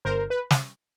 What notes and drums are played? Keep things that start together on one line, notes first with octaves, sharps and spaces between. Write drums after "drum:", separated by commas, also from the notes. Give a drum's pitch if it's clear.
G1 A#4 C5
B4
drum: snare